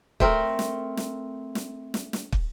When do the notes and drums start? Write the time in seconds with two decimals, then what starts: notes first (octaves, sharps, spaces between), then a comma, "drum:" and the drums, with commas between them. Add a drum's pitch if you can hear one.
0.20 A3 C4 A#4, drum: kick
0.59 drum: snare
0.97 drum: snare
1.55 drum: snare
1.94 drum: snare
2.13 drum: snare
2.32 drum: kick